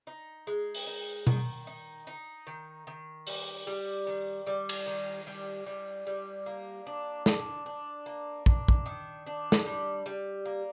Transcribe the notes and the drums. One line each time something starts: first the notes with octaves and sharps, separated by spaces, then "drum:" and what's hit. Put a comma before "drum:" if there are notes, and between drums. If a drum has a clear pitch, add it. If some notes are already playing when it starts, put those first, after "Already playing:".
D#4
G#3
drum: open hi-hat
D#4
D#3, drum: tom B2
D#4
D#4
D#3
D#3
G3, drum: open hi-hat
G3
D#3
G3
drum: cymbal
D#3
G3
G3
G3
A#3
D4
D4, drum: snare
D4
A#3
D4, drum: kick
drum: kick
D#3
D4
drum: snare
G3
G3
A#3